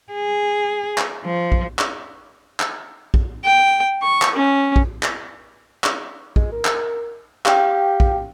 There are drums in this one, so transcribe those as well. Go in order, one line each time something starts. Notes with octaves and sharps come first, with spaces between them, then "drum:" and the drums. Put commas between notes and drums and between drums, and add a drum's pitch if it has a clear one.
G#4
drum: clap
F3
drum: kick A#1
drum: clap
drum: clap
drum: kick A#1
G5
C#6
drum: clap
C#4
drum: kick A#1
drum: clap
drum: clap
G#3, drum: kick A#1
A#4
drum: clap
G4 F5 G5, drum: clap
drum: kick A#1